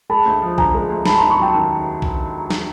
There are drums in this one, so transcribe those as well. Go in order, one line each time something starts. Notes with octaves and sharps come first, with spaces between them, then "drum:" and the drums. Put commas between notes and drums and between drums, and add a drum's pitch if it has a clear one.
G#3 A5 B5
D2
F3
D3 G#5 A#5, drum: kick A#1
G#3
D2
G#2 A5 B5, drum: snare
G#2 A#5 C6
B5 C#6
F#3 G5 A5
D#3
drum: kick A#1
drum: snare